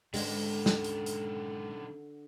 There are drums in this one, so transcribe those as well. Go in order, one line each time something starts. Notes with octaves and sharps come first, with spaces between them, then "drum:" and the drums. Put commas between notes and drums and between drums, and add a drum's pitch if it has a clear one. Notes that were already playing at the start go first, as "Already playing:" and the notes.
G#2 D3 D#3 G#3 C#4 F#5 D6, drum: open hi-hat
drum: snare
drum: hi-hat
drum: hi-hat